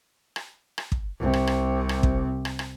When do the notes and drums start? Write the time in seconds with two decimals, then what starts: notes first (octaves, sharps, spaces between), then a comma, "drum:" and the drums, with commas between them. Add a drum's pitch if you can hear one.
0.36 drum: rim click
0.78 drum: rim click
0.92 drum: kick
1.20 C2 C3
1.33 drum: rim click
1.47 drum: rim click
1.89 drum: rim click
2.03 drum: kick
2.45 drum: rim click
2.59 drum: rim click